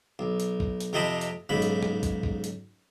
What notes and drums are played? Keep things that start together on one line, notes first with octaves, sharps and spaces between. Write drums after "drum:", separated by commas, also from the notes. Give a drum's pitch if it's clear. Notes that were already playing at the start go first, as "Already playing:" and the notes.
B1
drum: hi-hat
drum: kick
drum: hi-hat
F2 C3 C4 D#5 A5 B5
drum: hi-hat
B1 G#2 C#3 B5
drum: hi-hat
drum: tom A2
drum: kick, hi-hat
drum: kick
drum: hi-hat